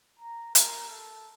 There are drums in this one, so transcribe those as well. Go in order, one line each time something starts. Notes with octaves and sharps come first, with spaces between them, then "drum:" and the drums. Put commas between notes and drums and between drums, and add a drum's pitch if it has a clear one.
A#5
A#4, drum: hi-hat
A4